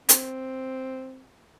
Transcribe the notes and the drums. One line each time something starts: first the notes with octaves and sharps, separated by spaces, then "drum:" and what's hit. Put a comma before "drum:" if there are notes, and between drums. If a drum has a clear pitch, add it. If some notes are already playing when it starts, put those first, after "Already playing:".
C4, drum: hi-hat